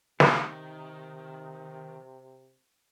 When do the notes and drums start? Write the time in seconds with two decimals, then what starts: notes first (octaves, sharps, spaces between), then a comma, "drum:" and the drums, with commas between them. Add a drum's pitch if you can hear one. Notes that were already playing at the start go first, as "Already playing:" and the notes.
0.20 C3 D#3, drum: snare